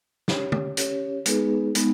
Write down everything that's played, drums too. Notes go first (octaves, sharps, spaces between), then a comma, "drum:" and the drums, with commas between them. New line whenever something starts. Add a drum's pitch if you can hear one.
C#4 G4 C#5, drum: snare
drum: tom
C#4 G4 C#5, drum: hi-hat
G#3 B3 D#4 G#4 B4, drum: hi-hat
G#3 B3 D#4, drum: hi-hat